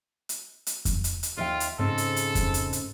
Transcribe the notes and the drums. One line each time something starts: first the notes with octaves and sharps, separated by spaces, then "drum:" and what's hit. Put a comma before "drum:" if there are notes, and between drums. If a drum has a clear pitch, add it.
drum: hi-hat
drum: hi-hat
drum: kick F2, hi-hat
drum: hi-hat
drum: hi-hat
D#2 F4 E5 G5
drum: hi-hat
G#2 C#3 C4 A4
drum: hi-hat
drum: hi-hat
drum: kick F2, hi-hat
drum: hi-hat
drum: hi-hat